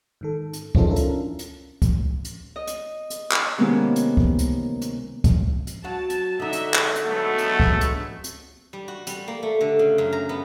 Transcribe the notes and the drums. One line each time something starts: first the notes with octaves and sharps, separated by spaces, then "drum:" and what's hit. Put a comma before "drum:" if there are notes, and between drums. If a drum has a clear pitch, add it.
G#2 D#3 A4
drum: hi-hat
C4 C#4 D#4 F4 G#4 A4, drum: kick C#2
C#4 D4 E4 F4 A4 A#4
drum: hi-hat
drum: hi-hat
drum: kick C#2, hi-hat
drum: hi-hat
D#5
drum: hi-hat
drum: hi-hat
drum: clap
C3 D#3 G#3 A#3 B3 C#4
drum: hi-hat
drum: kick C#2
drum: hi-hat
drum: hi-hat
drum: kick C#2, hi-hat
drum: hi-hat
F#3 F#4 A5
drum: hi-hat
D3 D#4 F#4 D#5 E5
drum: hi-hat
drum: clap
drum: hi-hat
F#3 G#3 A3 B3
drum: hi-hat
drum: kick C#2
drum: hi-hat
drum: hi-hat
G3
F#4
G3, drum: hi-hat
A#3
A3
D3
C#3
F#2
A#5
B3